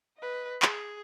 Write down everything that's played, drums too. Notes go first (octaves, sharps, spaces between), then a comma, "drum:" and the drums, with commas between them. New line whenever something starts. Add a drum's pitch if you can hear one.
B4 D#5
G#4, drum: clap